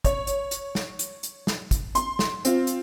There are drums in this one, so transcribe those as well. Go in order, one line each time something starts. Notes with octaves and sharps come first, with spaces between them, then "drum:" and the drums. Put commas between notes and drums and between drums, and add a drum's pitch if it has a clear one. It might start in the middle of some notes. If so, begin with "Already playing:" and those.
C#5, drum: kick, hi-hat
drum: hi-hat
drum: hi-hat
drum: snare
drum: hi-hat
drum: hi-hat
drum: snare
drum: kick, hi-hat
C6, drum: hi-hat
drum: snare
C4 F4, drum: hi-hat
drum: hi-hat